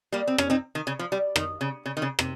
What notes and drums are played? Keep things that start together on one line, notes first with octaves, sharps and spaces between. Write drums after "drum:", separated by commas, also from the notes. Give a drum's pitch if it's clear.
G3 A#3
C4
C#4, drum: rim click
C4 D#4
D#3
C#3
F3
G3
D#3, drum: rim click
C#3
C#3
D#3
C#3
C3, drum: rim click